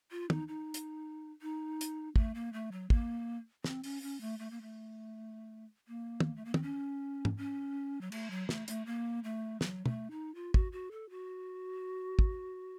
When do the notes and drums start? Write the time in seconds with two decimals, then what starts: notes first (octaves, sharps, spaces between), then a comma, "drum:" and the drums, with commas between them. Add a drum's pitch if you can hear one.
0.11 F4
0.30 D#4, drum: tom
0.48 D#4
0.74 drum: hi-hat
1.42 D#4
1.81 drum: hi-hat
2.16 A3, drum: kick
2.35 A#3
2.53 A3
2.72 F#3
2.90 A#3, drum: kick
3.64 C4, drum: snare
3.84 C#4, drum: open hi-hat
4.02 C#4
4.21 A3
4.39 A3
4.51 A#3
4.62 A3
5.88 A#3
6.20 drum: tom
6.36 A3
6.45 A#3
6.54 C4, drum: tom
6.62 C#4
7.25 drum: tom
7.37 C#4
8.01 F#3
8.12 A3, drum: cymbal
8.31 F#3
8.49 A3, drum: snare
8.68 A3, drum: hi-hat
8.86 A#3
9.24 A3
9.61 F#3, drum: snare
9.86 A3, drum: tom
10.11 D#4
10.35 F4
10.54 F#4, drum: kick
10.72 F#4
10.91 A4
11.10 F#4
12.19 drum: kick